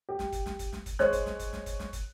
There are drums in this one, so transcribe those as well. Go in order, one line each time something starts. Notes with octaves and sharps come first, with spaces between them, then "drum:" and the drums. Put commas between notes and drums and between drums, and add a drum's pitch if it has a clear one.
G4
drum: snare
drum: kick, hi-hat
drum: snare
drum: kick, hi-hat
drum: snare
drum: kick, hi-hat
G#3 C5 C#5 F#6, drum: snare
drum: kick, hi-hat
drum: snare
drum: kick, hi-hat
drum: snare
drum: kick, hi-hat
drum: snare
drum: kick, hi-hat